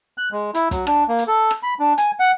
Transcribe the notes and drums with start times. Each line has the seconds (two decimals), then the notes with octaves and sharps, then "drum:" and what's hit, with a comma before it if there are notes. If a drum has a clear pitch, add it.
0.18 F#6
0.32 G#3
0.55 E4, drum: hi-hat
0.71 F#3, drum: kick, hi-hat
0.87 D4, drum: rim click
1.08 A#3
1.19 drum: hi-hat
1.28 A4
1.51 drum: rim click
1.63 B5
1.79 D4
1.98 G#5, drum: hi-hat
2.20 F#5